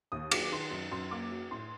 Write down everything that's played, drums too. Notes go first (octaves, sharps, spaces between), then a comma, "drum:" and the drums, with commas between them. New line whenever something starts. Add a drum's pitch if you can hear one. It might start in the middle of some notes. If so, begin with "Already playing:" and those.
D#2 D#6
F#3 D6, drum: cymbal
D#3 C6
F#2
F#2 C6
A#3 D6
F#3
A2 C6